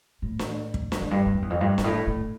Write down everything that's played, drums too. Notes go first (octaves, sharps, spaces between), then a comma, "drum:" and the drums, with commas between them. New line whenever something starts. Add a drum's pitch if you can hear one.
A2
drum: snare
drum: kick
G2, drum: snare
F2
G2
G2
F2
E2
F2
G2
G2, drum: snare
A2
A2